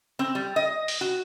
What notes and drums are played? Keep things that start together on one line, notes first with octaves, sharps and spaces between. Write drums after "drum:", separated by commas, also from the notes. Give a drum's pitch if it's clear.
C4
G3
D#5
drum: open hi-hat
F#4